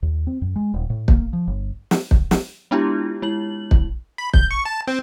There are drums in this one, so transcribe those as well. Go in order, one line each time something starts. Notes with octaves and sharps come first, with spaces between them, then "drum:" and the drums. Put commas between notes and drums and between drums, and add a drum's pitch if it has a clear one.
D#2
C4
F#2
G#3
D#1
A2
A#3, drum: kick
F3
G1
drum: snare
drum: kick
drum: snare
G#3 B3 D4 E4 F4 G4
G#3 E4 F#7
drum: kick
B5
G6, drum: kick
C#6
A5
C4